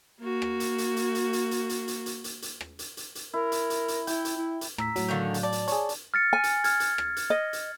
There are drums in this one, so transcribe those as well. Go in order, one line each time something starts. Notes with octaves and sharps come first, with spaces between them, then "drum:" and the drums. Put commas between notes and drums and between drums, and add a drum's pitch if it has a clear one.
A#3 F#4
drum: rim click
drum: hi-hat
drum: hi-hat
drum: hi-hat
drum: hi-hat
drum: hi-hat
drum: hi-hat
drum: hi-hat
drum: hi-hat
drum: hi-hat
drum: hi-hat
drum: hi-hat
drum: rim click
drum: hi-hat
drum: hi-hat
drum: hi-hat
E4 A#4
drum: hi-hat
drum: hi-hat
drum: hi-hat
E4 G5, drum: hi-hat
drum: hi-hat
E4
drum: hi-hat
A2 A#5 E6 B6, drum: rim click
A2 F#3, drum: hi-hat
D3 D#3 C#4 F5 G6
drum: hi-hat
D5 A5
drum: hi-hat
G#4 C#5 A5, drum: hi-hat
drum: hi-hat
F6 A6 C#7
G#5
drum: hi-hat
F6 G#6, drum: hi-hat
drum: hi-hat
drum: rim click
drum: hi-hat
D#5
drum: hi-hat